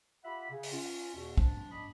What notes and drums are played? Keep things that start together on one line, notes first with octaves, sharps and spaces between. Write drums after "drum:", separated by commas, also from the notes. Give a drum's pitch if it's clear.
F4 G4 E5 F#5 B5
C#3
drum: open hi-hat
C#4 F4
E2 B2
F3 D4, drum: kick
D4 D#5 B5